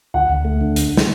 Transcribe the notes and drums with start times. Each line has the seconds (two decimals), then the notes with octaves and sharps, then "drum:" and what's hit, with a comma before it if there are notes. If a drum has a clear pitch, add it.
0.14 D2 F#5
0.30 D2
0.45 A3
0.61 D3
0.76 D2, drum: hi-hat
0.97 drum: snare